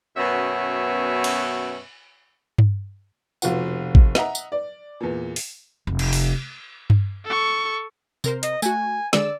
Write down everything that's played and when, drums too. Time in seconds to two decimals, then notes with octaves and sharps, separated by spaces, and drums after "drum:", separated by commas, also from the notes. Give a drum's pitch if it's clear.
0.17 F#2 B2 B3 C#4 E5
1.24 drum: cymbal
2.58 drum: tom G2
3.42 F1 B2 F4 F#5, drum: tambourine
3.95 drum: kick
4.15 D#5 E5 F#5 A#5, drum: snare
4.35 drum: tambourine
4.52 D5
5.00 E2 A#2
5.36 drum: open hi-hat
5.87 F1
5.99 drum: cymbal
6.13 drum: open hi-hat
6.90 drum: tom G2
7.26 A4 C#6
8.24 C3 A#4 C5, drum: tambourine
8.43 D#5, drum: hi-hat
8.62 A3 F#4 G#5, drum: tambourine
9.13 D3 G#3 D5 E6, drum: snare